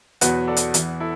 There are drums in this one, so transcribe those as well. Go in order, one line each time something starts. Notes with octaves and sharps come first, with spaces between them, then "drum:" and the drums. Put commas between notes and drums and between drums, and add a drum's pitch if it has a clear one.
E2 B2 F#3 F#4 B4, drum: hi-hat
A4 D5
drum: hi-hat
E2 E3 B3, drum: hi-hat
E4 A4